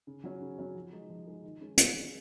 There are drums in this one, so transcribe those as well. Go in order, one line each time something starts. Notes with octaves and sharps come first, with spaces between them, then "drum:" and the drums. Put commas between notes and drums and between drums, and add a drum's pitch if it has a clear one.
C#3
F#3 C#4 F#4 C#5
C#3
F#3 C#4 F#4 C#5
F3
G#3 D#4
F3
G#3 D#4
D#3
G#3 C#4
D#3, drum: hi-hat
G#3 C#4